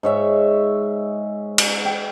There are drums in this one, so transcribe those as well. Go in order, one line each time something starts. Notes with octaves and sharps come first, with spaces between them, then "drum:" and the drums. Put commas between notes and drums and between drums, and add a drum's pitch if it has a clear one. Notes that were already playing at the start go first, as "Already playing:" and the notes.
G#2 C#5 E5
drum: cymbal
G5